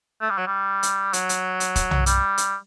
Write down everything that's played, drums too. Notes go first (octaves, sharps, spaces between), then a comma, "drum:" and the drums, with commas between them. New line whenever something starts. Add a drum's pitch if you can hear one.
A3
G3
F#3
G3
drum: hi-hat
F#3, drum: hi-hat
drum: hi-hat
drum: hi-hat
drum: kick E1, hi-hat
drum: tom B1
G3, drum: hi-hat
drum: hi-hat